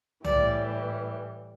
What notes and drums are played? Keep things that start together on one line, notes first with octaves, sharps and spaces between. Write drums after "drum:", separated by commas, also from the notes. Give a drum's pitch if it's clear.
A2 E3 G3 D5, drum: tom C2